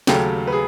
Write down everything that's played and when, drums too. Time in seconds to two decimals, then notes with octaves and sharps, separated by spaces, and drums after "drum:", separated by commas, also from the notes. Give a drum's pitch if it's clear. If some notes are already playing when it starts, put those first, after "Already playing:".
0.07 D#2 C#3 F#3 A3 G4 A4, drum: snare
0.47 B4
0.52 G#4